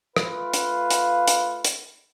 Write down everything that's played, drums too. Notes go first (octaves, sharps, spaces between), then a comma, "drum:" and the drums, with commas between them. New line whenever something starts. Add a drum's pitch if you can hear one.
A3 F4 B4 F5, drum: rim click
drum: hi-hat
drum: hi-hat
drum: hi-hat
drum: hi-hat